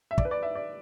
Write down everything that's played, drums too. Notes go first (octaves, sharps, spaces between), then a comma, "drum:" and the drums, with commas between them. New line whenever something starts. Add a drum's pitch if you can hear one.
E5
D5, drum: kick
B4
D5
E5
D5